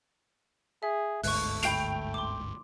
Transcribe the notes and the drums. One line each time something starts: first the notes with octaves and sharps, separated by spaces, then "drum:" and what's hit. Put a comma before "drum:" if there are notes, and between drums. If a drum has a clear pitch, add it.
G#4 E5
G1 D2 G#2 A3 C#6 F#6, drum: open hi-hat
G5 B5 C7 D7 F7, drum: hi-hat
C6 D6